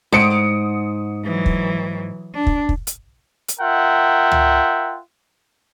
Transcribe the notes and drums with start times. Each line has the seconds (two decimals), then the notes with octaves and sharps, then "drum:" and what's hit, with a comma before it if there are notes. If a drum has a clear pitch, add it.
0.13 G#2 D#6 C#7 D7
1.24 E3 F#3
1.46 drum: kick
2.35 D4
2.47 drum: kick
2.69 drum: kick
2.87 drum: hi-hat
3.48 drum: hi-hat
3.60 F4 A#4 E5 F#5 G5
4.31 drum: tom